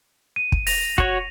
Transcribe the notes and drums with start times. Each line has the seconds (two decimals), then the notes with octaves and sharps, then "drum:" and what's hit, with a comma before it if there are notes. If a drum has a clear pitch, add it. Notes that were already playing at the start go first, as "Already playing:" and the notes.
0.36 D#7
0.52 drum: kick
0.67 A#6 F7, drum: open hi-hat
0.98 F#4 C#5, drum: kick